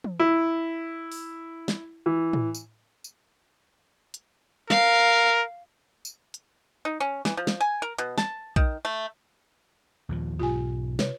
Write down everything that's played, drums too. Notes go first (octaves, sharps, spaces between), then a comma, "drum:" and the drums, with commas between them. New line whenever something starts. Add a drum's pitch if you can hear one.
drum: tom E3
E4
drum: open hi-hat
drum: snare
E3
drum: tom A2
drum: tambourine
drum: tambourine
drum: hi-hat
A#4 F5, drum: snare
drum: tambourine
drum: hi-hat
D#4
C#4
E3, drum: snare
F3
drum: snare
G#5
A#4
B2, drum: hi-hat
A5, drum: snare
D#3, drum: kick A#1
A3
D#2 A#2 F3
B1 G#2 F4 G4 G#5
C3 B4 C#5, drum: snare